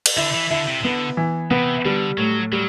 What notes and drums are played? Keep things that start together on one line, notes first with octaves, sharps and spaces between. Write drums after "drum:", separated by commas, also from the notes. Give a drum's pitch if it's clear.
drum: cymbal
D3 E4
E3
D3 E4
C3
D3 B3
E3
C3 B3
D3 G3
A2 F#3
F#3 G3